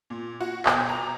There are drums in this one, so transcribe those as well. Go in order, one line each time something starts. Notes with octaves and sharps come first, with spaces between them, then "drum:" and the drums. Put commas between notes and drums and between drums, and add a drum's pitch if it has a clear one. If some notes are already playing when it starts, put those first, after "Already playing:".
A#2
F#4
B2, drum: clap
A#5